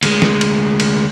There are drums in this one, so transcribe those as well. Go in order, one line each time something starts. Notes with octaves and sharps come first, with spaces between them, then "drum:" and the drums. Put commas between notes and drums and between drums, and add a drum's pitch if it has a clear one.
D2 G#3, drum: cymbal
drum: snare
drum: cymbal
drum: cymbal